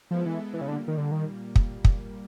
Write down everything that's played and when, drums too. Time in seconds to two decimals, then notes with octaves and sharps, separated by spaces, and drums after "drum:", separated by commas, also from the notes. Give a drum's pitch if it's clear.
0.10 F3 G#3 B3 E4 A4
0.26 E3
0.54 E3
0.61 C#3
0.68 A#2 D3 G3 A#3
0.88 D#3
0.98 D3
1.12 D#3
1.56 drum: kick
1.85 drum: kick